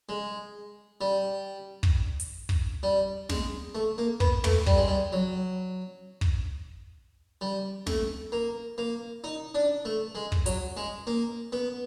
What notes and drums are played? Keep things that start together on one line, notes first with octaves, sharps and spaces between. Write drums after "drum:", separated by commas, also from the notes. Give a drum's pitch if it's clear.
G#3
G3
drum: kick
drum: hi-hat
drum: kick
G3
G#3, drum: snare
A3
A#3
B3, drum: kick
A3, drum: tom
G3, drum: kick
G#3
G3
F#3
drum: kick
G3
A3, drum: snare
A#3
A#3
D#4
D4
A3
G#3
drum: kick
F#3, drum: hi-hat
G#3
A#3
B3